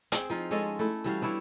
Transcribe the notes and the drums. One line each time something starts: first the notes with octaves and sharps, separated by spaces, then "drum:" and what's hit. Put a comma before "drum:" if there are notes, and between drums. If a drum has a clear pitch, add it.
C4 G#4, drum: hi-hat
F3 D#4 F4
G#3 C#4 A4 D#5
A3 E4
E3 G3 F#4 F5
B3 D4 E4 C#5